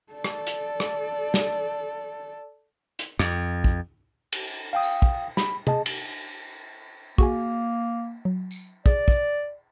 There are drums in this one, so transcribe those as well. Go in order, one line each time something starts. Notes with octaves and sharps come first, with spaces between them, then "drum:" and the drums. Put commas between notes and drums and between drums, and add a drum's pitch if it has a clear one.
A4 D5
drum: rim click
drum: hi-hat
drum: rim click
drum: snare
drum: hi-hat
F2, drum: rim click
drum: kick
drum: cymbal
F5 G5 D#6
drum: tambourine
drum: kick
B5, drum: snare
G#4 D#5 A5, drum: tom
drum: cymbal
A#3 F#4 G#4 G#5, drum: kick
F#3
drum: tambourine
G#4 D5, drum: kick
drum: kick